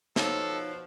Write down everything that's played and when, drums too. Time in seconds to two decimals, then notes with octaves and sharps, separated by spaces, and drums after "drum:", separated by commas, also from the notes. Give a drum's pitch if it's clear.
0.16 B2 F3 D#4 A4 C#5, drum: snare